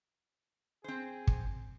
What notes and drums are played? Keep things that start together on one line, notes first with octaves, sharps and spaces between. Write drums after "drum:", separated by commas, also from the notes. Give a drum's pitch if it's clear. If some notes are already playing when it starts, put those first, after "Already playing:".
C4 G#4 C5
drum: kick